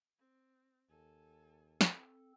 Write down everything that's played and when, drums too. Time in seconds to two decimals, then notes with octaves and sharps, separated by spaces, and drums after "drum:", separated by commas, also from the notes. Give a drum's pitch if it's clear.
0.18 C4
0.90 D#2 A4 G#5
1.81 C4 A4, drum: snare